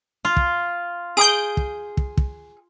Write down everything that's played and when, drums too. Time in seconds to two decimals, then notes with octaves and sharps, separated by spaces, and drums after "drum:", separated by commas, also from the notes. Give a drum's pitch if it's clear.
0.25 F4
0.36 drum: kick
1.17 G#4 D#6 G6 D7
1.57 drum: kick
1.97 drum: kick
2.17 drum: kick